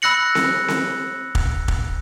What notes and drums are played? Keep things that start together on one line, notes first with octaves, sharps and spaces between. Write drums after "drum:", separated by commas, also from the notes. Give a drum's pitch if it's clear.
B5 E6 F#6 A#6 C#7 F#7
drum: snare C4
drum: snare C4
drum: kick
drum: kick